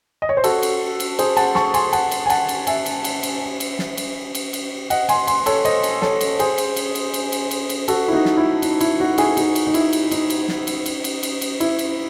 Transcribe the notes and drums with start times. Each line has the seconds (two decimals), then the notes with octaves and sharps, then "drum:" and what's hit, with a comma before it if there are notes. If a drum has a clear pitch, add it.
0.22 D#5
0.29 C#5
0.37 C5
0.44 F#4 A4, drum: cymbal
0.63 drum: cymbal
1.00 drum: cymbal
1.19 G#4 C5, drum: cymbal
1.37 F#5 A5, drum: cymbal
1.55 A5 C#6, drum: snare
1.74 G#5 C6, drum: cymbal
1.93 F#5 A5, drum: cymbal
2.11 drum: cymbal
2.26 G#5
2.30 F#5 A5, drum: cymbal
2.49 drum: cymbal
2.67 E5 G#5, drum: cymbal
2.86 drum: cymbal
3.04 drum: cymbal
3.23 drum: cymbal
3.60 drum: cymbal
3.79 drum: snare
3.97 drum: cymbal
4.35 drum: cymbal
4.53 drum: cymbal
4.90 D#5 F#5, drum: cymbal
5.09 G#5 C6, drum: cymbal
5.27 G#5 C6, drum: cymbal
5.46 A4 C#5, drum: cymbal
5.65 C5 D#5, drum: cymbal
5.83 drum: cymbal
6.02 A4 C#5, drum: snare
6.21 drum: cymbal
6.39 G#4 C5, drum: cymbal
6.58 drum: cymbal
6.76 drum: cymbal
6.95 drum: cymbal
7.14 drum: cymbal
7.32 drum: cymbal
7.51 drum: cymbal
7.69 drum: cymbal
7.88 F#4 A4, drum: cymbal
8.08 E4
8.13 D#4 F#4
8.25 drum: snare
8.37 E4
8.62 D#4, drum: cymbal
8.81 E4, drum: cymbal
9.00 D#4 F#4
9.18 E4 G#4, drum: cymbal
9.37 D#4 F#4, drum: cymbal
9.55 drum: cymbal
9.67 D#4
9.74 E4, drum: cymbal
9.93 drum: cymbal
10.11 D#4, drum: cymbal
10.30 drum: cymbal
10.48 drum: snare
10.67 drum: cymbal
10.86 drum: cymbal
11.04 drum: cymbal
11.23 drum: cymbal
11.41 drum: cymbal
11.60 E4, drum: cymbal
11.79 drum: cymbal